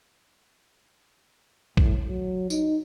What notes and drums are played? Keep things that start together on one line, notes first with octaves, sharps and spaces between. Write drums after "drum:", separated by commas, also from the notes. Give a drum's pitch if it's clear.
A2, drum: kick
F#3
D#4, drum: tambourine